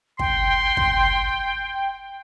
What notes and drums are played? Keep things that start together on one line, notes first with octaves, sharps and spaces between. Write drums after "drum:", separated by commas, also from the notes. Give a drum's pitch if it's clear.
G5 C6, drum: kick
drum: kick